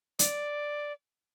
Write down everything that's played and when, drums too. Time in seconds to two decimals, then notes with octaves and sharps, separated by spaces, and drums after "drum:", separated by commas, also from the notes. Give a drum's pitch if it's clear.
0.19 D5, drum: hi-hat